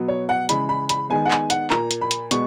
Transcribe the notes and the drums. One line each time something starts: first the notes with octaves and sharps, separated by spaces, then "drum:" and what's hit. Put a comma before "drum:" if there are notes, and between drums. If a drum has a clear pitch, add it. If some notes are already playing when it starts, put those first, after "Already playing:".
Already playing: B2 F#3 B3
C#5
F#5
C#3 E3 G#3 B5, drum: hi-hat
B5
B5, drum: hi-hat
D#3 G#3 B3 G#5
F#5
G#5, drum: clap
F#5, drum: hi-hat
A#2 A#3 A#5, drum: clap
drum: hi-hat
B5
drum: hi-hat
B2 G#3 B3 C#6, drum: hi-hat